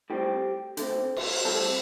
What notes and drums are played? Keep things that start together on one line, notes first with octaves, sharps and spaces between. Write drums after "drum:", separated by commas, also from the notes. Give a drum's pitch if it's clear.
A2 G3 C4 G4
D3 A3 C4, drum: hi-hat
drum: cymbal
A2 G3 C4 A4